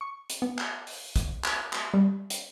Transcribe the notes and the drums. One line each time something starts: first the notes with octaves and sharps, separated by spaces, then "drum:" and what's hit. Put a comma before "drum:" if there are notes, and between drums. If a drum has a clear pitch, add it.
C#6
drum: hi-hat
B3
drum: clap
drum: open hi-hat
drum: kick, hi-hat
drum: clap
drum: clap
G3
drum: hi-hat